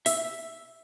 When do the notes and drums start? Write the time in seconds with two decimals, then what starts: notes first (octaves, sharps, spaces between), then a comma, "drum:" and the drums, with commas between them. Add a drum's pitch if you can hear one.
0.06 E5, drum: open hi-hat